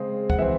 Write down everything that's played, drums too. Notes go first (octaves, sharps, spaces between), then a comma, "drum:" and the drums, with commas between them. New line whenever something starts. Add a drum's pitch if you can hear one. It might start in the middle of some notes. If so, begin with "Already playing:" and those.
Already playing: C#3 G#3 C4
F#5, drum: kick
E3 C4 E5